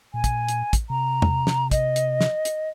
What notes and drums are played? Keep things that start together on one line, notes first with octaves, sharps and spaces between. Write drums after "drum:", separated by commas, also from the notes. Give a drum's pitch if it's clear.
A#2 G#5
drum: kick, hi-hat
drum: hi-hat
drum: kick, hi-hat
C3 A#5
drum: tom E2
drum: snare
D#5, drum: kick, hi-hat
drum: hi-hat
drum: snare
drum: hi-hat